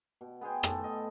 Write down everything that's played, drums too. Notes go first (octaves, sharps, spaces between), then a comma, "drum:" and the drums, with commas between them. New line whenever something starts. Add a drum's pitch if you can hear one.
B2
B3 G#4 C5 G5
A2 A4, drum: rim click
D#5